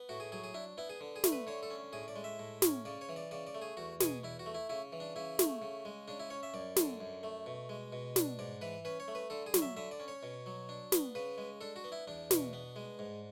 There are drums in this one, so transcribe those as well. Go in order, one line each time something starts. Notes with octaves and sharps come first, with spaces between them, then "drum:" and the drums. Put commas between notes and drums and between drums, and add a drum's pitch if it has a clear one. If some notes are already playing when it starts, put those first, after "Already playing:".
Already playing: B3
A2 F#4
G#4
F#3 G#4
G#4
D4 E4
B3 E4
G#4
D3
G#4
A3, drum: snare
B4
D3 C#5
A4
C#4
A2 G#4
D5
G#3
E5
A2
C#4, drum: snare
C#3 D5
C#5
E3
D5
C#3 D5
D5
A3
G#4
E2 F#4
B2 G#4, drum: snare
E2 E4
F#4
A3
E4
C#3 E4
E3
D4
C#3 E4
A3, drum: snare
C#3
G#3
C#3 D4
E4
C#4 C#5
E5
F#2 D5
D3, drum: snare
F#2
A3
B2
G#3
B2
D4, drum: snare
G#2 D5
E3 B4
C#4 B4
C#5
A3
B4
D3 A4
G#4
F#3, drum: snare
E5
D3 E5
D5
C#4
C#5
B2
F#3
D4
B3, drum: snare
C#3 B4
G#3
D4 A4
F#4
B3
E4
E2 D4
B2, drum: snare
B3
G#3
G#2